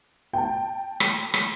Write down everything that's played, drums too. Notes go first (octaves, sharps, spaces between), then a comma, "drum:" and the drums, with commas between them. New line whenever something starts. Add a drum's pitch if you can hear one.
G5 A5
drum: rim click
drum: rim click